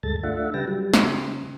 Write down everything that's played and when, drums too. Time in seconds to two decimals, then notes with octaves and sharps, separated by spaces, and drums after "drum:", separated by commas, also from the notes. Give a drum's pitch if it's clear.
0.03 D2 G2 G#3 A4 A6
0.23 A3 D4 F4 E5 F#5
0.54 C#3 G3 B4 G5 A5 A#6
0.68 F#3 G3
0.94 drum: snare
1.03 C#3